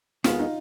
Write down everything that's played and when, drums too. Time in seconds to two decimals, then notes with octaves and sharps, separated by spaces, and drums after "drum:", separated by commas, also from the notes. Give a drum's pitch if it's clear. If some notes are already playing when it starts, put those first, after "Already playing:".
0.24 D#2 D#3 G#3 B3 F4, drum: snare
0.39 D#4